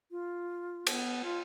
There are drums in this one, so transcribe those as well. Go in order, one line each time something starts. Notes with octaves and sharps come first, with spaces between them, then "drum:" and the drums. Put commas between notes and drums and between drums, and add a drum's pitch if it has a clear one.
F4
B3, drum: cymbal
F4